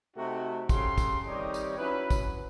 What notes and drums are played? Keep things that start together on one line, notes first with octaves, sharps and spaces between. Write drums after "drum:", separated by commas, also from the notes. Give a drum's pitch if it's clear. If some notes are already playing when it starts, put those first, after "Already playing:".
C3 A3 D#4 F#4
C#3 G4 A4 C6, drum: kick, tambourine
drum: kick, tambourine
D#3 G3 C4 D#4 G4 C#5
drum: tambourine
F#3 C#4 E4 B4
drum: kick, tambourine